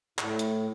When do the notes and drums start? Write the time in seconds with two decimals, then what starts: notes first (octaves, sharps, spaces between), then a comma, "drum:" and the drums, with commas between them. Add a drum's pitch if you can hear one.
0.18 A2, drum: clap
0.39 drum: hi-hat